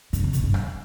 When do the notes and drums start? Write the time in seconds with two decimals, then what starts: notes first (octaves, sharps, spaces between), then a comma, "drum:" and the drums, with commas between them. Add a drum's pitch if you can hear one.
0.13 D3, drum: kick, hi-hat
0.24 C3
0.33 A#2, drum: hi-hat
0.44 G2
0.54 drum: rim click